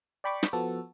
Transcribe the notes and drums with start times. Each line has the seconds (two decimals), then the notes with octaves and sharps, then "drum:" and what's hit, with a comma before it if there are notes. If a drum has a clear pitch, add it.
0.24 D5 G5 B5 C#6 D6
0.43 drum: snare
0.53 F3 B3 F#4 A4